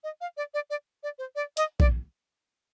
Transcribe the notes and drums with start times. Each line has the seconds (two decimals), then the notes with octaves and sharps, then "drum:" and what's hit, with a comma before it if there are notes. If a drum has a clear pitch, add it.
0.04 D#5
0.21 F5
0.37 D5
0.54 D5
0.70 D5
1.03 D5
1.19 C5
1.36 D5
1.57 D#5, drum: hi-hat
1.80 D5, drum: kick A#1